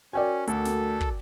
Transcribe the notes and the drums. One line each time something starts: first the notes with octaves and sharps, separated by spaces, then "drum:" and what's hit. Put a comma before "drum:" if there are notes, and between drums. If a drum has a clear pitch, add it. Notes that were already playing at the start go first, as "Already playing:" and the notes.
C#4 F#4 A#4 D5 G5 G#5
D2 A4, drum: hi-hat
drum: snare
drum: kick